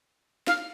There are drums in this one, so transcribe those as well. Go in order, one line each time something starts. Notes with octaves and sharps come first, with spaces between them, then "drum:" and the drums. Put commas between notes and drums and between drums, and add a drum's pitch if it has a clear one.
F5, drum: snare